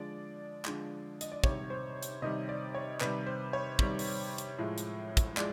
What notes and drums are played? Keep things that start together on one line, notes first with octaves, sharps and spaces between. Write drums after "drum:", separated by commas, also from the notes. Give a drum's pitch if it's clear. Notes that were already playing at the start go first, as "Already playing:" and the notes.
Already playing: D3 F3 G#3 D5
D3 F3 G#3, drum: clap
D#5, drum: hi-hat
D5
C3 D#3 G3 C#5, drum: kick
C5
drum: hi-hat
C3 D#3 G3 D#5
D5
C#5
C3 D#3 G3 B4, drum: clap
C5
C#5
C3 D#3 G3, drum: kick
drum: open hi-hat
drum: hi-hat
A2 F3 G#3
drum: hi-hat
drum: kick, hi-hat
F3 G#3 D5, drum: clap